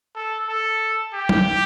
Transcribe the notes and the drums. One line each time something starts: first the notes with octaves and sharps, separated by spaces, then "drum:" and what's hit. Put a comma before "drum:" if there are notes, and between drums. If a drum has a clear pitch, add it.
A4
A4
G4
drum: tom F#3